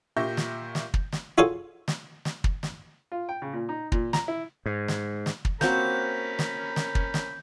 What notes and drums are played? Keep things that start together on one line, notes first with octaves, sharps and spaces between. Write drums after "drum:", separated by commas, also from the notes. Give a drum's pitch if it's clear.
A#2 G4 E5 C#6 G6 A#6
drum: snare
drum: snare
drum: kick
drum: snare
F4 F#4 G#4 A4 C#5 F5
drum: snare
drum: snare
drum: kick
drum: snare
F4
G5
C#3
A#2
D#4
A#2, drum: kick
A#5, drum: snare
E4
G#2
drum: snare
drum: snare
drum: kick
A#3 C4 C#4 F#4 A#4 B5 G6, drum: snare
drum: snare
drum: snare
drum: kick
drum: snare